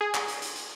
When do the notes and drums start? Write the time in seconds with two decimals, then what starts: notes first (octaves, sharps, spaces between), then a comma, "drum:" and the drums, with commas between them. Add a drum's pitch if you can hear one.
0.01 G#4
0.14 drum: clap
0.28 drum: hi-hat
0.42 drum: hi-hat
0.56 drum: hi-hat